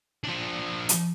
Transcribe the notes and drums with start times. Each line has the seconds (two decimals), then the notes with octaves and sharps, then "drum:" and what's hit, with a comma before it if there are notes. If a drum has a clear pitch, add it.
0.24 F3 D4
0.89 drum: hi-hat